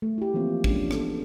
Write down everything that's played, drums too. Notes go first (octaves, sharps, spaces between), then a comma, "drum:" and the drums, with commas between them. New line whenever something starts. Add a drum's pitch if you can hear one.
A3
E4 G4
E3 F3 A#3 C4 F4
G#3 C#4 D4, drum: kick
B3 A4, drum: rim click